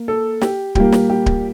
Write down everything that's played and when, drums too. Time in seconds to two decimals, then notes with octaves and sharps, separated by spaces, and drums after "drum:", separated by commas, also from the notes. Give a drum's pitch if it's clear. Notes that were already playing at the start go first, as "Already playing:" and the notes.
Already playing: A#3
0.08 A4
0.41 G4, drum: snare
0.75 A#2 G3 A#3 G4, drum: kick D1
0.92 drum: snare
1.10 G4
1.26 drum: kick D1